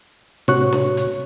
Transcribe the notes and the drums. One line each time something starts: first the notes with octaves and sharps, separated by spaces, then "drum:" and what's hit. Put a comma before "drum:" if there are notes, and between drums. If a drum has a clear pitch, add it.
A2 C3 F#4 C#5 C#6 F#6, drum: snare
drum: snare
drum: hi-hat